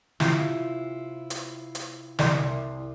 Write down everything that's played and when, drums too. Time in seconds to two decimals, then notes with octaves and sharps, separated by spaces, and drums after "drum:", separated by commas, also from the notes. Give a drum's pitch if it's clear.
0.20 C3 E4 F4, drum: snare
1.30 drum: hi-hat
1.75 drum: hi-hat
2.19 C2 D5 C6, drum: snare